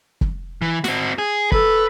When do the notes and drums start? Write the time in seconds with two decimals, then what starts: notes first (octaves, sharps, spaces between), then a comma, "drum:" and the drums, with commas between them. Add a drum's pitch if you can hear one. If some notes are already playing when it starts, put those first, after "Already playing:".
0.21 drum: kick
0.62 E3
0.84 C4 F#4, drum: snare
1.18 G#4
1.52 A4 B4, drum: kick